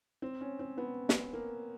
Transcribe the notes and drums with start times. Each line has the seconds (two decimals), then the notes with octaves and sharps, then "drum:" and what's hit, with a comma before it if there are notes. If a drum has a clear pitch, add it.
0.22 C4
0.41 C#4
0.59 C4
0.78 B3
1.09 drum: snare
1.33 A#3